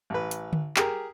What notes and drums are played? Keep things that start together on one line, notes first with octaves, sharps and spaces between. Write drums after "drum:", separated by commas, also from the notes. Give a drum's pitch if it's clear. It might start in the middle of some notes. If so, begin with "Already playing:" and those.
A1 B4
drum: hi-hat
drum: tom D3
G4 G#4 A#4, drum: clap